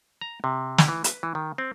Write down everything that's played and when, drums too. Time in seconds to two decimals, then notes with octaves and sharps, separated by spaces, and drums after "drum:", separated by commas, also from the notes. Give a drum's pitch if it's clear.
0.21 A#5
0.44 C3
0.78 drum: snare
0.88 E3
1.04 B4, drum: hi-hat
1.23 E3
1.35 D#3
1.58 C4